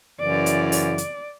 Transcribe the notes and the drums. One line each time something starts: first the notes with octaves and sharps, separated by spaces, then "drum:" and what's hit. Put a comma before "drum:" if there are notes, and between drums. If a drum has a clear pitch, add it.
F#2 C#3 E3 D5
drum: hi-hat
D5, drum: open hi-hat
drum: hi-hat